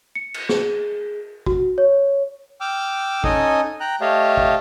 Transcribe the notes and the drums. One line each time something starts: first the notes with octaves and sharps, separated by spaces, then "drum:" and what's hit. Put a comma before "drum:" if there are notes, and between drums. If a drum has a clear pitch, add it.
C#7
drum: cymbal
G#4, drum: snare
F#4, drum: kick
C#5
G5 D6 E6 F6
C#4 D#4 A4 D#5 G#5 D#6, drum: kick
G5 A#5 F#6
A3 G4 C#5 D#5 F5 A5
drum: kick